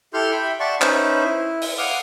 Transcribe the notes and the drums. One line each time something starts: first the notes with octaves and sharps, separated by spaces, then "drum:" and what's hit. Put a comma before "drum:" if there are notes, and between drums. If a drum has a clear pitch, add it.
E4 G4 A4 C6 F6 G6
E5 G5 B5
D5 E5 F#5 A5 C6 C#6
C#4 D#4 B4 C5 E5, drum: clap
E4
drum: open hi-hat
F5 F#5 D6 D#6 F6